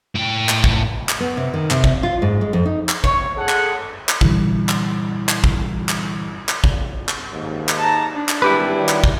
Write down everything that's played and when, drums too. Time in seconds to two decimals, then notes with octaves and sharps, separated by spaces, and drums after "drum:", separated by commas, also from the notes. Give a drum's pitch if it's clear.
0.15 A2 G5
0.49 drum: clap
0.64 drum: kick
1.09 drum: clap
1.20 B3
1.37 C3
1.54 D#3
1.71 C3, drum: clap
1.84 drum: kick
2.03 F4
2.22 G#2
2.41 G#3
2.53 F2
2.65 D#4
2.89 drum: clap
3.04 C#5, drum: kick
3.37 G#4 A4 F#5
3.49 drum: clap
4.09 drum: clap
4.21 A#2 D3 E3 G3 E4, drum: kick
4.69 drum: clap
5.29 drum: clap
5.44 drum: kick
5.89 drum: clap
6.49 drum: clap
6.64 drum: kick
7.09 drum: clap
7.32 D#2 G#2
7.69 drum: clap
7.78 A5 A#5
8.14 D4
8.29 drum: clap
8.42 G#1 E3 G3 E4 G4 B4
8.76 D#3 F#3 G3
8.89 drum: clap
9.04 drum: kick